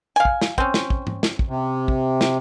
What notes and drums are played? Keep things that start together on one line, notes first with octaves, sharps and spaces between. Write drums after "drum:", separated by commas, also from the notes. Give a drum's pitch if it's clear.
F5 G#5
drum: kick
drum: snare
C4 C#4, drum: kick
drum: snare
drum: kick
drum: tom
drum: snare
drum: kick
C3
drum: kick
drum: snare